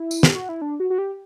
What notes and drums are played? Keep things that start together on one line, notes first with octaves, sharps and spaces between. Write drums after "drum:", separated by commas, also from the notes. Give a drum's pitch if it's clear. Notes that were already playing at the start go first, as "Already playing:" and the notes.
Already playing: E4
drum: tambourine
G4, drum: snare
F#4
E4
D4
F#4
F#4
G4